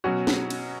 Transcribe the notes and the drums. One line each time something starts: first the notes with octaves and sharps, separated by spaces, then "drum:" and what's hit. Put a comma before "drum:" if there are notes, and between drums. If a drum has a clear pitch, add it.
B2 F#3 C#4 F#4
drum: snare C4
drum: cymbal